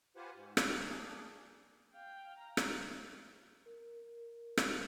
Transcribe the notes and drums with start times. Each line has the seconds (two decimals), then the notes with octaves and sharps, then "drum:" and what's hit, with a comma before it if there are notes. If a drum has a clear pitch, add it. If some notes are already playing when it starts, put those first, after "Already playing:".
0.16 F4 G4 B4 C5 F#5 G#5
0.35 G#2
0.57 drum: rim click
0.68 G4 C#5 A#5 E6
0.82 A#3 D4 G#4
1.94 F5 G5
2.39 A#5
2.57 drum: rim click
3.66 A#4
4.57 drum: rim click